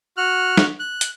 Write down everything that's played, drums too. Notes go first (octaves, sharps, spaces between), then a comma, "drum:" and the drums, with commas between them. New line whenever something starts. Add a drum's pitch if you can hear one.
F#4 F6 F#6
drum: snare
F#6
drum: hi-hat